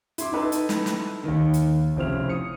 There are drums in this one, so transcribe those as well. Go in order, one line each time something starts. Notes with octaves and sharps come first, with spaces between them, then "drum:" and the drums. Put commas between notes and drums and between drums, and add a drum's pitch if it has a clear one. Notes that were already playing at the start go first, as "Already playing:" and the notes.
E4 C6 D6, drum: hi-hat
D#4 E4 A4 B4 E5
drum: hi-hat
drum: snare
drum: snare
D#2 D#3
drum: hi-hat
F1 C#3 C4 E4 F6 F7
D#6 C#7